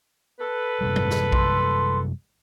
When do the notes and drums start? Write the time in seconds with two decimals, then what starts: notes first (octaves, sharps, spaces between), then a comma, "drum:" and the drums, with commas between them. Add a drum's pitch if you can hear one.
0.40 A4 B4
0.81 F#2 C3 G3
0.96 drum: tom G#2
1.10 drum: snare
1.32 C6, drum: kick A#1